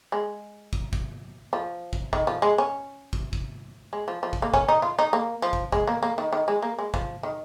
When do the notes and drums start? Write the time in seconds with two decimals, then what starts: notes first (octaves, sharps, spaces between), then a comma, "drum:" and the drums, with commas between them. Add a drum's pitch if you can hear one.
0.12 G#3
0.73 drum: kick
0.93 drum: kick
1.53 F3
1.93 drum: kick
2.13 D#3, drum: kick
2.27 F3
2.42 G#3
2.58 C#4
3.13 drum: kick
3.33 drum: kick
3.93 G#3
4.08 F3
4.23 F3
4.33 drum: kick
4.42 A#3
4.54 C#4, drum: kick
4.69 D#4
4.82 F4
4.99 D#4
5.13 A#3
5.42 F3
5.53 drum: kick
5.72 G#3, drum: kick
5.87 A#3
6.03 A#3
6.18 D#3
6.33 D#3
6.48 G#3
6.62 A#3
6.79 G#3
6.94 F3, drum: kick
7.23 D#3